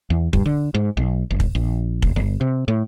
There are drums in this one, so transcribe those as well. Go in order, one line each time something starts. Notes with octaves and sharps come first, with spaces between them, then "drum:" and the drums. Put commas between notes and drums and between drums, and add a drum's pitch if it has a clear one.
E2
G2, drum: kick
D3
G#2
B1
F#1
drum: kick
A#1
F1, drum: kick
G1
C3
A2